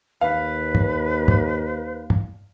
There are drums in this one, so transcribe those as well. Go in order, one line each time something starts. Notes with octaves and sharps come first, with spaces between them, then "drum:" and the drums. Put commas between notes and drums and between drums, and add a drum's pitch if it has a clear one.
D#2 B4 F5
drum: tom
drum: tom
drum: tom